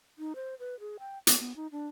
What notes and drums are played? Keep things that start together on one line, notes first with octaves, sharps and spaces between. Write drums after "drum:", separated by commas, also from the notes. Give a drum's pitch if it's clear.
D#4
C5
B4
G#4
G5
B3, drum: hi-hat
B3
D#4
D4